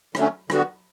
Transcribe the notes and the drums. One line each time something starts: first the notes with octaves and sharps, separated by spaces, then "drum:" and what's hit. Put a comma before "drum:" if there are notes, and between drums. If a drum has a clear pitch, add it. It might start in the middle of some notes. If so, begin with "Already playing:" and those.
D3 F#3 A3 C#4, drum: rim click
D3 G3 B3 F#4, drum: rim click